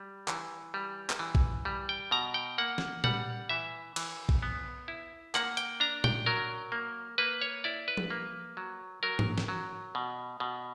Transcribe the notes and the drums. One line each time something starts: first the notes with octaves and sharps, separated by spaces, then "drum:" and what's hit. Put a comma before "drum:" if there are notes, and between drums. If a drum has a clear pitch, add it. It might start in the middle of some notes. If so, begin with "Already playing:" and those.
Already playing: G3
E3, drum: clap
G3
drum: clap
E3
drum: kick A#1
G3
G5
B2 A#5
G5
A#3 F#5
drum: snare
G3 F#5, drum: tom A#2
E3 E5
E3, drum: cymbal
drum: kick A#1
B3
E4
A#3 F#5, drum: clap
G5, drum: hi-hat
D4 A#5
G5, drum: tom A#2
F#3 A#4
A#3
A#3 B4
C#5
E4 D5
B4
drum: tom F3
A#3
F#3
F#3 A#4
drum: tom G#2
drum: snare
F#3
B2
B2